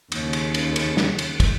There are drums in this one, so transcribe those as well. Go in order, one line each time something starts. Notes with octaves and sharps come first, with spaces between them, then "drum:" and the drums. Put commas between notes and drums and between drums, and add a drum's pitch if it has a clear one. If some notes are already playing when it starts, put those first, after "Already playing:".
D#2 C#3, drum: cymbal
drum: cymbal
drum: cymbal
drum: cymbal
drum: snare
drum: cymbal
drum: kick, cymbal